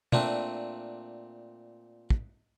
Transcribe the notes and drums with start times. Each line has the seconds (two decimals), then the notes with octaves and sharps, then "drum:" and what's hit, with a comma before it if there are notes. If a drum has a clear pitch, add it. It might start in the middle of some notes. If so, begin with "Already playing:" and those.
0.12 A#2 A3 C4 D4, drum: tom
2.10 drum: kick